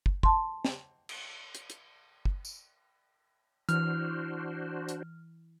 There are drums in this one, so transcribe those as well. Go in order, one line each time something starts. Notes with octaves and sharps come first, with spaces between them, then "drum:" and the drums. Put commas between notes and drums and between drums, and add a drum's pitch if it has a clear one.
drum: kick
A5 C6, drum: kick
drum: snare
drum: cymbal
drum: hi-hat
drum: hi-hat
drum: kick
drum: tambourine
E3 D4 F#4 C5 F6, drum: hi-hat
drum: hi-hat